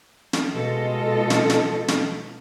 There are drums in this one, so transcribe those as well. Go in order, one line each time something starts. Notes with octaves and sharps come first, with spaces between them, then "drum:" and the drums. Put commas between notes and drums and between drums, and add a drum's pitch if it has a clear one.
drum: snare
B2 G#3 F4 A4 D#5
drum: snare
drum: snare
drum: snare